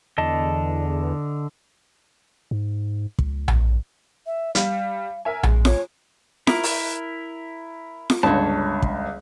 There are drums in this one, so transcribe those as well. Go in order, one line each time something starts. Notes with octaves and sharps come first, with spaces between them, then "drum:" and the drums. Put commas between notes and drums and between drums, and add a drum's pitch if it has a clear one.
E2 D3 D#5 A5
G#2
C#2, drum: kick
drum: tom A#1
E5
G3 F5, drum: hi-hat
A#4 E5 G#5
G#3, drum: tom A#1
C#5, drum: snare F4
E4 A#4, drum: snare F4
drum: open hi-hat
drum: snare F4
G1 C#2 C#5 A5
drum: kick